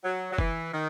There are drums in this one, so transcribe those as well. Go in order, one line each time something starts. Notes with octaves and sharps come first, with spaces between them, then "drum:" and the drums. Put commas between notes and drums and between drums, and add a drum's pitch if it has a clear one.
F#3
F#3
E3, drum: kick
D#3